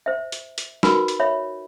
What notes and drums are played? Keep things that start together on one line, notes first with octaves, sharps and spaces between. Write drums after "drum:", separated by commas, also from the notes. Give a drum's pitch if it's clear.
C5 E5
drum: hi-hat
drum: hi-hat
D#4 F#4 A#4 B4 B5, drum: snare
drum: hi-hat
C#5 E5 B5